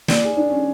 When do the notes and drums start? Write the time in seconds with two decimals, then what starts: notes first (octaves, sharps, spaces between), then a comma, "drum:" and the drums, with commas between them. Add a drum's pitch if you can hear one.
0.08 D5, drum: snare
0.23 G#4
0.37 D4
0.50 C#4